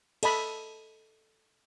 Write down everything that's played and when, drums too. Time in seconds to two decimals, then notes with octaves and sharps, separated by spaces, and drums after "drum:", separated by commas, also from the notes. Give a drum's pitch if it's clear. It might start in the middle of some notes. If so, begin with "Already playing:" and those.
0.23 A4 D#5 A5 B5, drum: cymbal